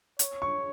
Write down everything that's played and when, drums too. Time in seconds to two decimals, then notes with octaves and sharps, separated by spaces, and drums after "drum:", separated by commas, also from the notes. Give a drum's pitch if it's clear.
0.19 C#5, drum: hi-hat
0.42 C#6